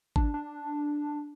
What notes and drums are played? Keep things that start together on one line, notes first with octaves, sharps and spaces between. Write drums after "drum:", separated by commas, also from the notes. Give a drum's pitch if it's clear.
D4, drum: kick G#1
D4